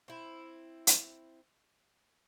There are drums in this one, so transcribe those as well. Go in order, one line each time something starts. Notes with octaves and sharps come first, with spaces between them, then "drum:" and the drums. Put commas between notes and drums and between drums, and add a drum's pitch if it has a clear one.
C4 E4
drum: hi-hat